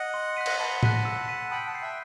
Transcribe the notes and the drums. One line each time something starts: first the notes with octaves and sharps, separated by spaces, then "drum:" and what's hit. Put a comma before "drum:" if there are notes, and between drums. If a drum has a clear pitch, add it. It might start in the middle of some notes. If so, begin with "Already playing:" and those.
Already playing: D#5 F#5
C6
F#6 B6 D#7
drum: cymbal
F#5 A5 B5
F#6 B6 D#7, drum: tom A2
E6
B6 D#7
G5 B5 D#6
F#5 A5
G6 C7
E5 G5